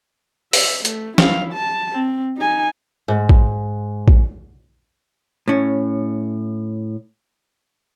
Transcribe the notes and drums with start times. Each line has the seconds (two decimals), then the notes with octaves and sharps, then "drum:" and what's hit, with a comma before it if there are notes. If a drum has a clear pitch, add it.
0.53 E5, drum: open hi-hat
0.85 A3, drum: hi-hat
1.18 E4 F5, drum: snare
1.53 A5
1.92 C4
2.37 D#4 G#5
3.08 G#2
3.29 drum: kick
4.08 drum: kick
5.48 A2 C#4